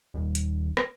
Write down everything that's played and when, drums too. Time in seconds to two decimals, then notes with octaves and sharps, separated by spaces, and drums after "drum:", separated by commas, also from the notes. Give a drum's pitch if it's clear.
0.14 D#1
0.35 drum: hi-hat
0.77 drum: rim click